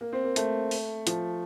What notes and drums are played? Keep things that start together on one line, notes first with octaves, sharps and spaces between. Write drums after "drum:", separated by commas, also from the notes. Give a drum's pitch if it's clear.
A#3
C4
A#3
A3, drum: hi-hat
drum: open hi-hat
F3, drum: hi-hat